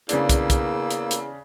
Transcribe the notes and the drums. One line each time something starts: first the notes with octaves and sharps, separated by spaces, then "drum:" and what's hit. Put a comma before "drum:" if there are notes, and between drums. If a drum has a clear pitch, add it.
E2 C#3 A#3 D4 E6, drum: hi-hat
drum: kick, hi-hat
drum: kick, hi-hat
drum: hi-hat
drum: hi-hat